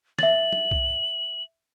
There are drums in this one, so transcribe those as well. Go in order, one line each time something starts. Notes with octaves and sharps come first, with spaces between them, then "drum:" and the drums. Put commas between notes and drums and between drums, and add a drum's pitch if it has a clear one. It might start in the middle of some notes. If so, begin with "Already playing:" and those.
E5 A6 F#7, drum: snare
drum: tom
drum: kick B1